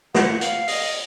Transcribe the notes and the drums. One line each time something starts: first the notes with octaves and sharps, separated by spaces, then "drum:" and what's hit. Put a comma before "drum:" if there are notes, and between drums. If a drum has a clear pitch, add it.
F#5, drum: snare
F5, drum: hi-hat
D#5, drum: open hi-hat